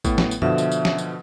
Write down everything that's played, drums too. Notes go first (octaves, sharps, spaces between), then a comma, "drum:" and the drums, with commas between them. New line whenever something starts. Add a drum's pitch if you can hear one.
A2 B3, drum: kick, tambourine
drum: snare
drum: tambourine
B2 D3 F3 E5, drum: tom F#2
drum: tambourine
drum: tambourine
drum: snare
drum: tambourine